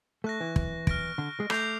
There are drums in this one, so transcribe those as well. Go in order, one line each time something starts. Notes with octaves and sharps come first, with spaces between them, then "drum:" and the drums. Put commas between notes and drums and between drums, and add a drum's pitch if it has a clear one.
A3 C#6 F#6 A#6
E3
drum: kick
F6 A#6 D7, drum: kick
D3
G#3
A3 D6 G6 C7 F7, drum: rim click